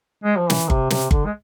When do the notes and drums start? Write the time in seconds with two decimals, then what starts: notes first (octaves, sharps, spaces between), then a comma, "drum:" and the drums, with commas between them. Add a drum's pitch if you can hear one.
0.24 G#3
0.37 F3
0.50 E3, drum: snare
0.70 C3, drum: kick G1
0.90 C3, drum: snare
1.11 D3, drum: kick G1
1.26 G#3